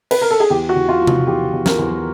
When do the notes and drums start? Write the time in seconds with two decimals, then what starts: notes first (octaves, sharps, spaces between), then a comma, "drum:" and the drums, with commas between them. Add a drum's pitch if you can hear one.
0.11 B4, drum: cymbal
0.22 A#4
0.31 A4
0.40 G#4
0.50 E2 G4
0.69 F#4
0.76 E2
0.89 F4
1.01 F3
1.07 F#4, drum: tom C3
1.27 E2 G4
1.53 E2
1.66 A#4, drum: snare
1.79 E2